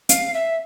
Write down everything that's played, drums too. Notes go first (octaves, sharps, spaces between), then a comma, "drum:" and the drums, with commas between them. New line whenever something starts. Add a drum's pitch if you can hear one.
F5, drum: hi-hat
E5